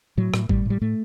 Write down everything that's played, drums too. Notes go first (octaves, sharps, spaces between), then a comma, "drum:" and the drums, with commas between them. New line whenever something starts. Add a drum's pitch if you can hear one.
A2 F#3
A2, drum: rim click
A2 G3, drum: kick G#1
A2 G3
A2 A3